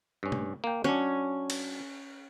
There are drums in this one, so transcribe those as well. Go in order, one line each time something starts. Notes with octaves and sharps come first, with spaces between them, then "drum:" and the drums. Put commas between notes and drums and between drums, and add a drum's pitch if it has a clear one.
G2 C#4
drum: tom
A#3 G5
F#3 C#4 D4
drum: cymbal